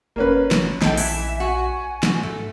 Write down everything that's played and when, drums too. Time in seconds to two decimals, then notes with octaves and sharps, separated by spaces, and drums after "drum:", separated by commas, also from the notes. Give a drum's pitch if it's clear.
0.16 G1 A#3 C#4 B4
0.51 drum: snare
0.82 A#1 D#4 A4 G5, drum: snare
0.97 E3 E5, drum: open hi-hat
1.40 F#4 F#5 G#5
2.03 drum: snare
2.23 G#2 A3